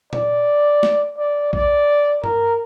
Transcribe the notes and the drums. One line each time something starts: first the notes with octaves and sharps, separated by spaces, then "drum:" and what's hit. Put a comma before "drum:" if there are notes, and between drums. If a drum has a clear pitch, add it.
D5, drum: tom A#2
drum: snare
D5
D5, drum: kick
A#4, drum: tom G2